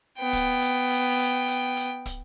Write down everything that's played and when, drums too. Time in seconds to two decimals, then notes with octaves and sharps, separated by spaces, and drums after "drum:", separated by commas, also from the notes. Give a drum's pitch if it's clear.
0.19 B3 G5
0.33 drum: kick, hi-hat
0.62 drum: hi-hat
0.91 drum: hi-hat
1.19 drum: hi-hat
1.48 drum: hi-hat
1.77 drum: hi-hat
2.06 drum: kick, hi-hat